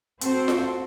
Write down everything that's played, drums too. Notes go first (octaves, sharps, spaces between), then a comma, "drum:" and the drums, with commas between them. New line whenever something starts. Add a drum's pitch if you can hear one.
C4 F#4 A4 C5, drum: hi-hat
drum: snare F4